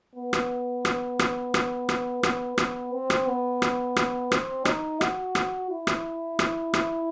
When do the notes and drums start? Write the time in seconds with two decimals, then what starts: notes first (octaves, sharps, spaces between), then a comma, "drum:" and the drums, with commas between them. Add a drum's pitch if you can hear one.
0.15 B3
0.33 drum: rim click
0.85 drum: rim click
1.19 drum: rim click
1.54 drum: rim click
1.89 drum: rim click
2.23 B3, drum: rim click
2.58 B3, drum: rim click
2.93 C4
3.10 drum: rim click
3.27 B3
3.62 drum: rim click
3.96 drum: rim click
4.32 C4, drum: rim click
4.65 D#4, drum: rim click
5.01 F#4, drum: rim click
5.35 drum: rim click
5.70 E4
5.87 drum: rim click
6.39 drum: rim click
6.74 drum: rim click